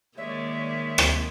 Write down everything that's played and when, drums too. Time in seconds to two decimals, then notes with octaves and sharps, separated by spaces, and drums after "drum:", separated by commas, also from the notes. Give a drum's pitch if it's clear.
0.17 D#3 G#3 A#3 C#5 D5 E5
0.98 drum: rim click